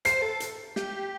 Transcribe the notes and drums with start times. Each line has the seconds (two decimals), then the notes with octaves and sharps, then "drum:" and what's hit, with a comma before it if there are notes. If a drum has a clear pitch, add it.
0.05 C5 C7, drum: hi-hat
0.22 A4
0.40 drum: hi-hat
0.76 G4, drum: snare